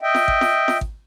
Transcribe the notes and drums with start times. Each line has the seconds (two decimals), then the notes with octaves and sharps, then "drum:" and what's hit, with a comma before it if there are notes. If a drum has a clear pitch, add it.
0.01 D#5 E5 G5
0.15 drum: snare
0.28 drum: kick G#1
0.41 drum: snare
0.68 drum: snare
0.81 drum: kick G#1